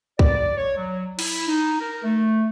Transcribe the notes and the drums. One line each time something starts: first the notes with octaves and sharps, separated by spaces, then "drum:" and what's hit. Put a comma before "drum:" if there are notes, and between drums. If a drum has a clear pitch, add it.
D5, drum: kick B1
C#5
F#3
E4, drum: cymbal
D#4
A#4
A3